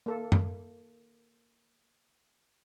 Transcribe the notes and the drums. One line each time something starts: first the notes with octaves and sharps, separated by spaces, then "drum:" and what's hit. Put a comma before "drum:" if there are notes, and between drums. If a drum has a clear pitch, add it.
A#3 A4
drum: tom F#2